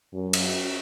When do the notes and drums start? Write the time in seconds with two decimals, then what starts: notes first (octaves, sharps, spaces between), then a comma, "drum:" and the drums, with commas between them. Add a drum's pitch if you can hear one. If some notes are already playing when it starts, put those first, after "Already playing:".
0.13 F#2
0.33 drum: cymbal